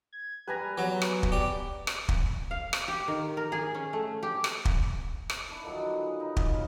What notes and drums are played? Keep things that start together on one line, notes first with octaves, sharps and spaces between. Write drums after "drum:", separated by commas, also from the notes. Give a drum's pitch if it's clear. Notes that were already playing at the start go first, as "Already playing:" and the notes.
G#6
G3 B4 G#5 A#5
F#3 B3
drum: rim click
drum: kick
G4 D5
drum: rim click
drum: kick
F5
drum: rim click
G4
D#3
A#4
G#4
C#4
A3
G4
drum: rim click
drum: kick
drum: rim click
D4 E4
D3 D#3 F3 F#3
G#4 B4
D#4
drum: kick
C#3 F5